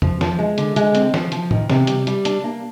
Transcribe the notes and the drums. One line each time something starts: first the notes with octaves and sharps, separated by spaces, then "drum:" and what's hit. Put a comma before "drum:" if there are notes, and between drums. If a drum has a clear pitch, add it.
F3, drum: tom E2
F3, drum: snare
G#3
D3, drum: hi-hat
G#3, drum: hi-hat
C4, drum: hi-hat
F3, drum: snare
F3, drum: hi-hat
D#3, drum: tom A2
C3, drum: snare
G3, drum: hi-hat
G3, drum: hi-hat
D4, drum: hi-hat
A#3